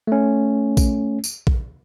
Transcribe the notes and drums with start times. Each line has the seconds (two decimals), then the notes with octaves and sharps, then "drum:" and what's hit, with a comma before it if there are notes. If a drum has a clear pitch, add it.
0.07 A3 C#4
0.77 drum: kick A#1, tambourine
1.24 drum: tambourine
1.47 drum: kick A#1